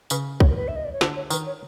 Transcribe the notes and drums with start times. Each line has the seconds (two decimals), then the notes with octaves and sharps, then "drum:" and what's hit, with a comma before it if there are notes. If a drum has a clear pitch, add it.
0.10 C#3 B4, drum: tambourine
0.40 C#5, drum: kick
0.50 A#4
0.56 B4
0.68 E5
0.76 D#5
0.85 D5
0.92 C#5
1.01 D3 C5, drum: snare
1.16 C#5
1.30 D#3 B4, drum: tambourine
1.46 C#5